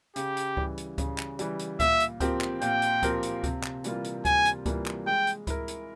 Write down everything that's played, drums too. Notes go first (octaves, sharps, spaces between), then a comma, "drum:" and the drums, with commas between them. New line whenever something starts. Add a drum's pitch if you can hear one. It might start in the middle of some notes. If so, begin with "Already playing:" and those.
C#3 G4, drum: hi-hat
drum: hi-hat
E3 G3, drum: kick C#2
drum: hi-hat
C#3, drum: kick C#2, hi-hat
drum: clap
E3 G3, drum: hi-hat
drum: hi-hat
A#2 E5, drum: kick C#2, hi-hat
drum: hi-hat
F3 C4 G4 A#4, drum: kick C#2, hi-hat
drum: clap
A#2 G5, drum: hi-hat
drum: hi-hat
F3 C4 G4 A#4, drum: kick C#2, hi-hat
drum: hi-hat
C3, drum: kick C#2, hi-hat
drum: clap
E3 G3 A#3 F4, drum: hi-hat
drum: hi-hat
C3 G#5, drum: kick C#2, hi-hat
drum: hi-hat
E3 G3 A#3 F4, drum: kick C#2, hi-hat
drum: clap
G#3 G5
drum: hi-hat
E4 A#4, drum: kick C#2, hi-hat
drum: hi-hat